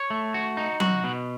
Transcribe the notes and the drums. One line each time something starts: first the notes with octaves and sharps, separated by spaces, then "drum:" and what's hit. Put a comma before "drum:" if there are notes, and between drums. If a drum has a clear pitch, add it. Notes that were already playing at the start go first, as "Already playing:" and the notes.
Already playing: C#5
A3
F#4
D#4
F#4, drum: tom F#3
B2